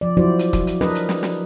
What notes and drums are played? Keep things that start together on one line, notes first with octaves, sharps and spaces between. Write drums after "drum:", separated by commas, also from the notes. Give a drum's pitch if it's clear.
F3 D5
F3 F#3 E4 F#4 C5 D5
drum: hi-hat
drum: kick, hi-hat
drum: hi-hat
D4 A#4 B4 D#5, drum: snare
drum: hi-hat
drum: snare
drum: snare